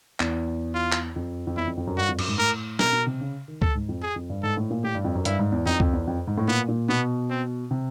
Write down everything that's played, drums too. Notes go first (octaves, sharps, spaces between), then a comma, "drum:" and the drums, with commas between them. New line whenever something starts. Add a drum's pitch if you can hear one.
E2, drum: clap
F4
drum: clap
F2
F2
E2 E4
F2
F2
F#2
G2 F#4
F2
F#2, drum: cymbal
G#2
A2 A#4
B2 A#4, drum: snare
B2
C3
C#3
D#3
A4, drum: kick C#2
G#2
F2
G#4
F2
G2
G#2 A4
A2
A#2
A2 G4
G2
F2
F#2
G2 E4, drum: hi-hat
G#2
E2
F2 D#4
F2, drum: kick C#2
E2
F2
G#2
A2
A#2 B3
A#2
B2 B3
C4
C3